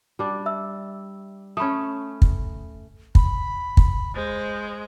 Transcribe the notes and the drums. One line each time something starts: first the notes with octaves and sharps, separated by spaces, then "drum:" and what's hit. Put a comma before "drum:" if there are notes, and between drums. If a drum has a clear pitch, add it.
G3 D4
E5 E6
A3 C#4 B5 D#6
drum: kick
B5, drum: kick
drum: kick
G#3 C5